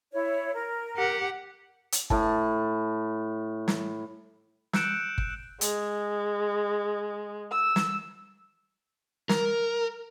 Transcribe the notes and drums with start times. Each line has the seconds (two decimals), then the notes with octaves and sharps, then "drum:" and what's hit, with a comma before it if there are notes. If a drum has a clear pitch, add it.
0.12 E4 C#5
0.54 A#4
0.97 G4 F#5
1.92 drum: hi-hat
2.10 A2 A5, drum: kick G1
3.68 drum: snare
4.73 E6 F#6 G6 C#7 D7 E7, drum: snare
5.18 drum: kick G1
5.61 G#3, drum: hi-hat
7.52 E6
7.76 drum: snare
9.29 A#4, drum: snare